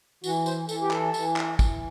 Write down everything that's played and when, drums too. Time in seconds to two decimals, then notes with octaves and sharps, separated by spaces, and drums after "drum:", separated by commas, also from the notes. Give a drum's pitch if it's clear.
0.24 E3 F#4, drum: tambourine
0.46 C5, drum: tambourine
0.69 E3 A4, drum: tambourine
0.82 G4
0.91 A4, drum: clap
1.14 E3, drum: tambourine
1.36 drum: clap
1.59 E3, drum: kick, tambourine